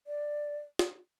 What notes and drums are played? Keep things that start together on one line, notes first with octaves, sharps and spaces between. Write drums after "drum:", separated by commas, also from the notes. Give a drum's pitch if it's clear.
D5
drum: snare